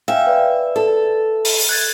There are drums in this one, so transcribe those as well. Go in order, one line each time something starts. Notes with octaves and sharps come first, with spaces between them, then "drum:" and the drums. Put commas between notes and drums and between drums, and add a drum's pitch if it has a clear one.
E5 F5 G5 G#5
B4 D5
A4
drum: open hi-hat
F#6 G#6 A6